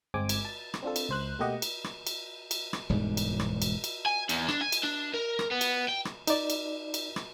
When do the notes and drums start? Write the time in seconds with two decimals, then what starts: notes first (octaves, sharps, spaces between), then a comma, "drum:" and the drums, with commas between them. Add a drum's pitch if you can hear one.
0.14 G1 G#3 C4 G#5 D6
0.29 drum: cymbal
0.45 A5
0.74 drum: rim click
0.83 C4 D4 F4 A4
0.96 drum: cymbal
1.09 C#2 C5 F#6
1.39 B2 A3 A#3 G4 D#5 F#5
1.62 drum: cymbal
1.84 drum: rim click
2.07 drum: cymbal
2.51 drum: cymbal
2.73 drum: rim click
2.89 E1 D2 G#2 G3
3.17 drum: cymbal
3.39 drum: rim click
3.62 drum: cymbal
3.84 drum: cymbal
4.06 G#5
4.29 E2, drum: cymbal
4.49 D4, drum: rim click
4.61 G#5
4.72 drum: cymbal
4.83 D4
5.14 A#4
5.39 drum: rim click
5.51 B3
5.61 drum: cymbal
5.89 G5
6.05 drum: rim click
6.27 D#4 D5, drum: cymbal
6.50 drum: cymbal
6.94 drum: cymbal
7.16 drum: rim click